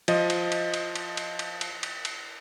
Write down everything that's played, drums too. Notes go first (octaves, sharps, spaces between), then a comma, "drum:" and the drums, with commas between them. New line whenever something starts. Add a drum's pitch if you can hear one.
F3 D#5, drum: cymbal
drum: cymbal
drum: cymbal
drum: cymbal
drum: cymbal
drum: cymbal
drum: cymbal
drum: cymbal
drum: cymbal
drum: cymbal